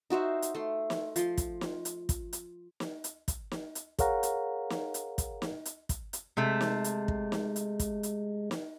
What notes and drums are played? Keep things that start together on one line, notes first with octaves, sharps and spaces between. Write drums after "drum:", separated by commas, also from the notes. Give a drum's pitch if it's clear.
D#4 F#4 C5 E5
drum: hi-hat
A3 C6
drum: snare
F3 C6, drum: hi-hat
drum: kick, hi-hat
drum: snare
drum: hi-hat
drum: kick, hi-hat
drum: hi-hat
drum: snare
drum: hi-hat
drum: kick, hi-hat
drum: snare
drum: hi-hat
G#4 A#4 C#5 F5 F#5 A#5, drum: kick, hi-hat
drum: hi-hat
drum: snare
drum: hi-hat
drum: kick, hi-hat
drum: snare
drum: hi-hat
drum: kick, hi-hat
drum: hi-hat
C3 G#3 A3
drum: snare
drum: hi-hat
drum: kick
drum: snare
drum: hi-hat
drum: kick, hi-hat
drum: hi-hat
drum: snare